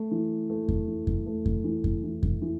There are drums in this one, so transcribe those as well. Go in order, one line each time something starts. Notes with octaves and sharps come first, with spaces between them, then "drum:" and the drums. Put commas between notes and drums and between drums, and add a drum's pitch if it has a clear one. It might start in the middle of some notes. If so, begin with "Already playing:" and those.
Already playing: A3
E3
A3
drum: kick F2
E3
drum: kick F2
A3
drum: kick F2
E3
drum: kick F2
E3
drum: kick F2
E3